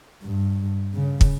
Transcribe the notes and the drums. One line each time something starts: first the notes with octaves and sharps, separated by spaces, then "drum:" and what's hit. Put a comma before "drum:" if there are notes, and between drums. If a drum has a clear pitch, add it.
G2
C#3
drum: kick